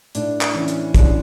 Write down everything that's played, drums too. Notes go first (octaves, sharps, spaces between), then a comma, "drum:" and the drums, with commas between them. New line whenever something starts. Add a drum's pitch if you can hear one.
A2 D4, drum: hi-hat
drum: clap
E3 C#4
drum: hi-hat
A1 D4, drum: kick, hi-hat